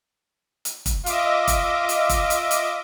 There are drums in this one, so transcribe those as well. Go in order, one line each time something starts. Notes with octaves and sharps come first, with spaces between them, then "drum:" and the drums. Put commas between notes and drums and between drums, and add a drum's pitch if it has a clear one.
drum: hi-hat
drum: kick, hi-hat
F4 D#5 E5 D6, drum: hi-hat
drum: kick, hi-hat
drum: hi-hat
drum: kick, hi-hat
drum: hi-hat
drum: hi-hat